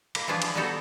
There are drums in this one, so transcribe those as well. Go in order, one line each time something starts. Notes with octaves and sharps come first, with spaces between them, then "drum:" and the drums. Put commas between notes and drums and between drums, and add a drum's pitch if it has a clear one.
A#3, drum: cymbal
E3 F3 D4 F4 G#4 B4
drum: cymbal
G3 B3 D#4 F#4 G4 A4